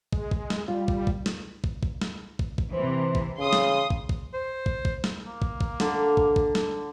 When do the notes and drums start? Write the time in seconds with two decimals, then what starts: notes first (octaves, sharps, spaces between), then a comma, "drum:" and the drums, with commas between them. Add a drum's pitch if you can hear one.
0.13 G#3, drum: kick
0.31 drum: kick
0.50 drum: snare
0.68 G3 F4
0.88 drum: kick
1.07 drum: kick
1.26 drum: snare
1.64 drum: kick
1.83 drum: kick
2.01 drum: snare
2.39 drum: kick
2.58 drum: kick
2.74 C3 E3 C5
3.15 drum: kick
3.39 C#3 C6 D#6
3.53 drum: snare
3.90 drum: kick
4.09 drum: kick
4.34 C5
4.66 drum: kick
4.85 drum: kick
5.04 drum: snare
5.25 A#3
5.42 drum: kick
5.61 drum: kick
5.80 D3, drum: snare
6.17 drum: kick
6.36 drum: kick
6.55 drum: snare